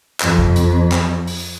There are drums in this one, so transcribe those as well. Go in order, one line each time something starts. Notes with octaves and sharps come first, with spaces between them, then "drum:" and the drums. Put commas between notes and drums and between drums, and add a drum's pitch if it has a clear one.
F2, drum: clap
drum: kick A1
drum: hi-hat
drum: clap
drum: open hi-hat